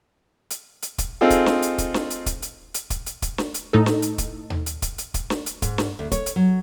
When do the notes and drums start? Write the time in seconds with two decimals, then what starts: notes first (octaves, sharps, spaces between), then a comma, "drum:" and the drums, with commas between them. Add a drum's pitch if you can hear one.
0.50 drum: hi-hat
0.82 drum: hi-hat
0.98 drum: kick, hi-hat
1.21 C4 D#4 F4 G#4 A4
1.30 drum: kick, hi-hat
1.46 drum: snare
1.62 drum: hi-hat
1.78 drum: kick, hi-hat
1.94 drum: snare
2.10 drum: hi-hat
2.26 drum: kick, hi-hat
2.42 drum: hi-hat
2.74 drum: hi-hat
2.90 drum: kick, hi-hat
3.06 drum: hi-hat
3.22 drum: kick, hi-hat
3.38 drum: snare
3.54 drum: hi-hat
3.73 A2 D#4 A4
3.86 drum: snare
4.02 drum: hi-hat
4.18 drum: kick, hi-hat
4.50 drum: tom D#2
4.66 drum: hi-hat
4.82 drum: kick, hi-hat
4.98 drum: hi-hat
5.14 drum: kick, hi-hat
5.30 drum: snare
5.46 drum: hi-hat
5.62 G#2, drum: kick, hi-hat
5.78 drum: snare
5.99 D2
6.12 C#5, drum: kick, hi-hat
6.26 drum: hi-hat
6.36 F#3